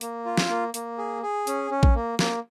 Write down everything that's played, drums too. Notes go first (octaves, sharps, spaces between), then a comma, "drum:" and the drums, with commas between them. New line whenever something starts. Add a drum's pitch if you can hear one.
A#3, drum: hi-hat
F4
drum: snare
A#3
A#3, drum: hi-hat
G#4
G#4
C#4, drum: hi-hat
C#4
drum: kick A#1
A#3
A#3, drum: snare